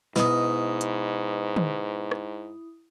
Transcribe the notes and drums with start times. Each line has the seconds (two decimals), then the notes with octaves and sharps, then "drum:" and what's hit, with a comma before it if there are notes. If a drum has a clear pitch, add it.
0.16 G#2 B2 E4 D#6, drum: snare
0.81 drum: hi-hat
1.56 drum: tom
2.12 drum: rim click